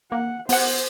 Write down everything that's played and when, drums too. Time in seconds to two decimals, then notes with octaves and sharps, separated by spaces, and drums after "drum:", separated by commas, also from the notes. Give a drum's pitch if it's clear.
0.12 A#3 F#5
0.49 B3 C5 F#5, drum: open hi-hat